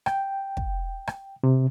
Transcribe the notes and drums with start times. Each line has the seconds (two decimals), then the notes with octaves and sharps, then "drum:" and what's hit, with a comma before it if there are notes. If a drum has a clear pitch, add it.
0.06 G5, drum: rim click
0.57 drum: kick
1.07 drum: rim click
1.43 C3